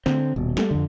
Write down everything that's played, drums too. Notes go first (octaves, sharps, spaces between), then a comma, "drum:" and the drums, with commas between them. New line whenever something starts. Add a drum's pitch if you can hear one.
D3 C4, drum: snare
D#1 B2
G3 A3, drum: snare
F2 D3